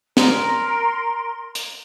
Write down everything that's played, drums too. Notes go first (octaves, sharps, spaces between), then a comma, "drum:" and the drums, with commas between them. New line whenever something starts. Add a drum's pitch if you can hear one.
A#4 C6, drum: snare
drum: hi-hat